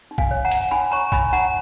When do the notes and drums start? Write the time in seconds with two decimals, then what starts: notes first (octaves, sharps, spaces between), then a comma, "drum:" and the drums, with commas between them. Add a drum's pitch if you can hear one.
0.11 D#4
0.18 F5 G#5, drum: kick
0.31 C#5
0.45 F#5 A#5
0.51 C#5, drum: hi-hat
0.71 D#4 G#5 B5
0.92 C#5 A#5 C#6
1.12 C#5 G#5 B5, drum: kick
1.33 D#4 F#5 A#5